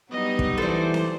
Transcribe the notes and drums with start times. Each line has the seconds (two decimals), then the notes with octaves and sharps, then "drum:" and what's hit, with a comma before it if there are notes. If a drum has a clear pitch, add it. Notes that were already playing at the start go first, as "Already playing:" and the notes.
0.11 F#3 G3 B3 D#4 D#5
0.39 drum: kick
0.58 E3 A4 C5 D5
0.94 drum: snare C4